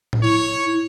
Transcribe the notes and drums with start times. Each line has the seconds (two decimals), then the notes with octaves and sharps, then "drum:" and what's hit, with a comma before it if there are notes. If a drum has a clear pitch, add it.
0.13 drum: tom A2
0.22 E4 C#5